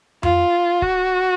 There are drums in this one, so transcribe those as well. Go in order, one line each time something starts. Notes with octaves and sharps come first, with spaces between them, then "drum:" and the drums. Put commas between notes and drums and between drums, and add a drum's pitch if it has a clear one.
F4, drum: tom F2
F#4, drum: kick